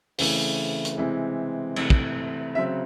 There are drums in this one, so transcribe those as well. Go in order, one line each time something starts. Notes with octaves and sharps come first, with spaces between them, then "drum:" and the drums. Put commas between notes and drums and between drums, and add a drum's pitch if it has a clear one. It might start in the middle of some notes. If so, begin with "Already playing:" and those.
C#3 E3 A3 C4, drum: open hi-hat
drum: hi-hat
C3 E3 G#3 C4
C3 E3 A3, drum: cymbal
drum: kick
C#3 F#3 C4 E5